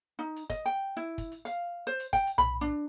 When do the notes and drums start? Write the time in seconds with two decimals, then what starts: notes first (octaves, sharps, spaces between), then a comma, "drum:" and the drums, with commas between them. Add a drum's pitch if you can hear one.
0.19 D#4
0.36 drum: hi-hat
0.50 D#5, drum: kick, hi-hat
0.66 G5
0.97 E4
1.18 drum: kick, hi-hat
1.32 drum: hi-hat
1.45 F5, drum: hi-hat
1.87 C5
2.00 drum: hi-hat
2.13 G5, drum: kick, hi-hat
2.27 drum: hi-hat
2.38 B5, drum: tom B1
2.61 D4